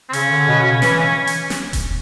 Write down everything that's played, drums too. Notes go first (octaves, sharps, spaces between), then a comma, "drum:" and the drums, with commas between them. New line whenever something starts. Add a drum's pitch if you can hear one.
C4
C#3 C#4, drum: hi-hat
D3
B2
C#3
E3, drum: snare
drum: hi-hat
drum: snare
drum: kick E1, hi-hat